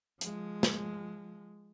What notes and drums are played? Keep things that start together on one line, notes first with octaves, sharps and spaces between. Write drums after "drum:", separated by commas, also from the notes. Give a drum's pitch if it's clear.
F3 G#3, drum: hi-hat
drum: snare